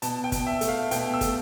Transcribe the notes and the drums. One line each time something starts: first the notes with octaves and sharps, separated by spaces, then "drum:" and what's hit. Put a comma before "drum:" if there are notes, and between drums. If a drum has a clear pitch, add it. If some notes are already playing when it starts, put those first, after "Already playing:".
B2 A5, drum: hi-hat
G5
B2, drum: kick, hi-hat
E5
A3, drum: hi-hat
F5
B2 G5, drum: hi-hat
E6
A3, drum: kick, hi-hat